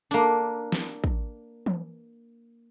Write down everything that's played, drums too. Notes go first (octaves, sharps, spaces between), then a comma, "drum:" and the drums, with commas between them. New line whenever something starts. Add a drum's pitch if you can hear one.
A#3 D4
drum: snare
drum: kick
drum: tom E3